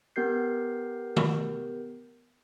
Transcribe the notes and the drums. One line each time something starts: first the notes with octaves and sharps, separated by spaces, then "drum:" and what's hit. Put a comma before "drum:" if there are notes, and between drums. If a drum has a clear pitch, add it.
B3 G4 A#4 G6 C7
drum: tom D#3